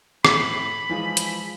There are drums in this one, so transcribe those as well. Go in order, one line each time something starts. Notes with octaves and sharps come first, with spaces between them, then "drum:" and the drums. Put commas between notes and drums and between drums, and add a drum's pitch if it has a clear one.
A2 B5, drum: rim click
E3 F3 G#3
drum: hi-hat